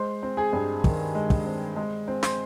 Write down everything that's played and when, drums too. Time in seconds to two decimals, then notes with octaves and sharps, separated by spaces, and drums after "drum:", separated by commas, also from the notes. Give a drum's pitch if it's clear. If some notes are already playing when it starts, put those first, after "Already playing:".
Already playing: G#3 C5 C6
0.23 C4
0.37 G#4 G#5
0.53 G2
0.84 D#3, drum: kick
1.15 G#3
1.30 drum: kick
1.45 C4
1.76 G#3
2.08 C4
2.23 C5 C6, drum: snare